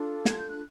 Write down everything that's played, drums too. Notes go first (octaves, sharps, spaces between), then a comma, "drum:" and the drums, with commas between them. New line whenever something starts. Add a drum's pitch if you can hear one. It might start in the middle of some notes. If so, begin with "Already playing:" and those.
Already playing: D4 F4 A4
G#6, drum: snare
G6
F#6